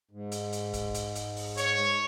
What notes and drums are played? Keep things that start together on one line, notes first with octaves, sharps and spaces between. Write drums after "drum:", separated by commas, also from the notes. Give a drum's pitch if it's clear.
G#2
drum: hi-hat
drum: hi-hat
drum: kick, hi-hat
drum: hi-hat
drum: hi-hat
drum: open hi-hat
C#5, drum: hi-hat